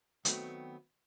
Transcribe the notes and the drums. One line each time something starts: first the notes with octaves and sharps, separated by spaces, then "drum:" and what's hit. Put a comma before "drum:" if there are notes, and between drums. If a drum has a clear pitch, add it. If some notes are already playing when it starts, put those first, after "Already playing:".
D#3 F#3 A3 B3 C4, drum: hi-hat